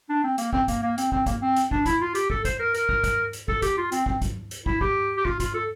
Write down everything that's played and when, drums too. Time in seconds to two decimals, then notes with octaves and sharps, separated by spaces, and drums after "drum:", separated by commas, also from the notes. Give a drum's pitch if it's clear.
0.09 D4
0.24 C4
0.38 A#3, drum: hi-hat
0.53 C4, drum: kick
0.68 A#3, drum: kick, hi-hat
0.83 A#3
0.98 C4, drum: hi-hat
1.12 C4, drum: kick
1.26 A#3, drum: kick, hi-hat
1.41 C4
1.56 drum: hi-hat
1.71 D4, drum: kick
1.86 E4, drum: kick, hi-hat
2.01 F4
2.15 G4, drum: hi-hat
2.30 A4, drum: kick
2.45 C5, drum: kick, hi-hat
2.59 A#4
2.74 A#4, drum: hi-hat
2.89 drum: kick
3.04 drum: kick, hi-hat
3.33 drum: hi-hat
3.48 A4, drum: kick
3.62 G4, drum: kick, hi-hat
3.77 F4
3.92 C4, drum: hi-hat
4.06 C4, drum: kick
4.22 drum: kick, hi-hat
4.51 drum: hi-hat
4.66 E4, drum: kick
4.81 G4, drum: kick
5.17 G4
5.25 F4, drum: kick
5.40 F4, drum: kick, hi-hat
5.54 A4